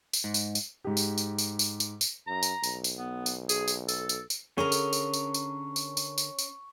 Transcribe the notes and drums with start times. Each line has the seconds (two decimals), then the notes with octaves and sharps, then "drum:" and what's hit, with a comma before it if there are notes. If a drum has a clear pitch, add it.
0.13 drum: tambourine
0.24 G#2
0.34 drum: tambourine
0.55 drum: tambourine
0.84 G#2 G4
0.97 drum: tambourine
1.18 drum: tambourine
1.38 drum: tambourine
1.59 drum: tambourine
1.80 drum: tambourine
2.01 drum: tambourine
2.27 F#2 A#5
2.43 drum: tambourine
2.63 B1, drum: tambourine
2.84 drum: tambourine
2.99 B3
3.26 drum: tambourine
3.49 G#4, drum: tambourine
3.68 drum: tambourine
3.88 A4, drum: tambourine
4.09 drum: tambourine
4.30 drum: tambourine
4.58 D3 C#4 G#4 A#4 A#5 C#6
4.72 drum: tambourine
4.93 drum: tambourine
5.13 drum: tambourine
5.34 drum: tambourine
5.76 drum: tambourine
5.97 drum: tambourine
6.18 drum: tambourine
6.39 drum: tambourine